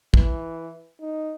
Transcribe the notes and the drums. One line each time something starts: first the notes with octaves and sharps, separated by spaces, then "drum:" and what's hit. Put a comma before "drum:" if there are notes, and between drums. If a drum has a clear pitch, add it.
E3, drum: kick
D#4